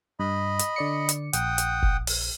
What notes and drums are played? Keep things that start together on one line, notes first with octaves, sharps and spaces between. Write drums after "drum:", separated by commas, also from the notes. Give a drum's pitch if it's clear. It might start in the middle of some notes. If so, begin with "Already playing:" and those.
G2 D#5 B5
drum: hi-hat
D3 D5 C#7
drum: hi-hat
A#1 F#5 G5 D#6, drum: hi-hat
drum: hi-hat
drum: kick F1
drum: open hi-hat